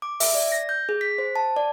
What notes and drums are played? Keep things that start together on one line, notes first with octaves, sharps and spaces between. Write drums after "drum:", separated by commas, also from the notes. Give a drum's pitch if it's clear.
D6
E5, drum: open hi-hat
D5
A#6
G6
G#4
B6
C5
A5
D5